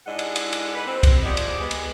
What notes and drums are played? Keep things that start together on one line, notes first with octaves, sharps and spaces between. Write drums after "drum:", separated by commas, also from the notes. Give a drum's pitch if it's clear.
G#2 G#3 D4 E4 D#5 F#5
drum: cymbal
drum: cymbal
drum: cymbal
B4
C4
drum: kick, cymbal
F3 B3 G4 G#4 D5 D#5
drum: cymbal
G#3 B3
drum: cymbal